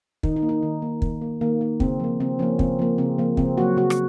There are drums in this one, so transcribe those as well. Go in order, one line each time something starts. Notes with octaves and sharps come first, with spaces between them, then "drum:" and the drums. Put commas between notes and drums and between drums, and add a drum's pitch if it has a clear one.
D#3 D#4, drum: kick
D#4
A#3
D#4
D#3
A#3
D#3, drum: kick
A#3
D#3 A#3
A#3
C#3 C4, drum: kick
F3 A#3
C#3 C4
F3 A#3 C#4
C#3 C4, drum: kick
F3 A#3
C#3 C4
F3 A#3
C#3 C4, drum: kick
F#3 A#3 F#4
C#3 F#4
drum: rim click